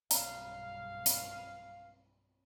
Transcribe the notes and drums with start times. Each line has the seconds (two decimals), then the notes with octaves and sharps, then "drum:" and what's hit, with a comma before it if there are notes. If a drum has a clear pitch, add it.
0.11 B1 G2 F5 A#5, drum: hi-hat
1.06 drum: hi-hat